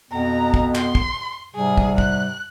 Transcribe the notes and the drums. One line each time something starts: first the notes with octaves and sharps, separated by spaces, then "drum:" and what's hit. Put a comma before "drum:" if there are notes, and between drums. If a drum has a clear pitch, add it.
F2 B2 B3 A#5
drum: kick
C6, drum: clap
drum: kick
G#2 C3 G3 G#4
drum: kick
F#6, drum: kick